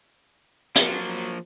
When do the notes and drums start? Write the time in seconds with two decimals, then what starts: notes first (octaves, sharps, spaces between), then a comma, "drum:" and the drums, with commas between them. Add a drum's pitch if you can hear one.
0.76 F3 F#3 A#3, drum: hi-hat